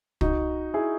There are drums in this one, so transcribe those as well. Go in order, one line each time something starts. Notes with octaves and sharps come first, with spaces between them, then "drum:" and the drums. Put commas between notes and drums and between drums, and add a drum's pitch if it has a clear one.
D#4 F#4, drum: kick
E4 G#4